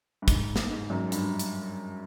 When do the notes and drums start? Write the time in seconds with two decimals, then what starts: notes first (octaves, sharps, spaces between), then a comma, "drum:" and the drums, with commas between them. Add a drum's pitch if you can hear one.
0.22 G2
0.28 G#2, drum: kick, hi-hat
0.56 drum: snare
0.70 G#2
0.90 F#2
1.12 G2, drum: hi-hat
1.39 drum: hi-hat